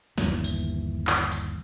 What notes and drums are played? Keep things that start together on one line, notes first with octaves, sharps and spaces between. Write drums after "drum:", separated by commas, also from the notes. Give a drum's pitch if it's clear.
G1 D#2 E3, drum: snare
drum: tambourine
drum: clap
drum: hi-hat